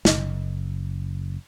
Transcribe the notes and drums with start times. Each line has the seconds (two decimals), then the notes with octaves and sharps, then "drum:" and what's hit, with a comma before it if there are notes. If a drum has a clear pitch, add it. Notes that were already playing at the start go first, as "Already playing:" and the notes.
0.05 F#1, drum: snare